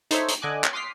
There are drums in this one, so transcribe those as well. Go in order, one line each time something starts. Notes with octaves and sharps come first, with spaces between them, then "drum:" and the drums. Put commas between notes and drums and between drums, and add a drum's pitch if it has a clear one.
D#4 A4 C5 C#5 E5, drum: hi-hat
drum: hi-hat
D3 D#5 G#5 D6 F#6
drum: clap
C6 D6 D#6 F6 B6 C7